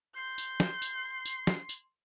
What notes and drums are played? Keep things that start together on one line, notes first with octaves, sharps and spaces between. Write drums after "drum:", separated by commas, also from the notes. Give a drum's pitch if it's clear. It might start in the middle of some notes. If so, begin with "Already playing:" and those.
C6 G6
drum: tambourine
drum: snare
drum: tambourine
drum: tambourine
drum: snare
drum: tambourine